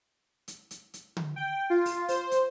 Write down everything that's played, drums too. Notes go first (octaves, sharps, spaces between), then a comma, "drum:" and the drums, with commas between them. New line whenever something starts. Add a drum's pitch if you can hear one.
drum: hi-hat
drum: hi-hat
drum: hi-hat
drum: tom D3
G5
F4
drum: open hi-hat
C5, drum: open hi-hat
drum: hi-hat